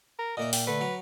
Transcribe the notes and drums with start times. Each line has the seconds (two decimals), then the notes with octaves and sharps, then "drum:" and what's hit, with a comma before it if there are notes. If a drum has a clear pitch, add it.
0.19 A#4
0.37 A#2 A#3 D#5 E5
0.53 G5, drum: open hi-hat
0.67 D3 A3 B4
0.81 F#3 A#5